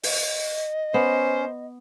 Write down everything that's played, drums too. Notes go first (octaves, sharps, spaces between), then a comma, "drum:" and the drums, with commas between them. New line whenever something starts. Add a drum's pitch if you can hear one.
D#5, drum: open hi-hat
B3 C#4 C5